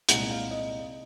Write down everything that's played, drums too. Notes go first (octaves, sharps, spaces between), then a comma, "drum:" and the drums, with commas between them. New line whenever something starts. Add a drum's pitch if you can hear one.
C2 A#2 G#3 D#4 F#5, drum: hi-hat
F5
D#5